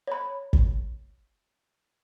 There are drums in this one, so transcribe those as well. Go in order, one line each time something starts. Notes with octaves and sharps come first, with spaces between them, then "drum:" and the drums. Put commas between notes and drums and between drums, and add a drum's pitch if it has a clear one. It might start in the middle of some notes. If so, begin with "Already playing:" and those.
C#5 B5
drum: kick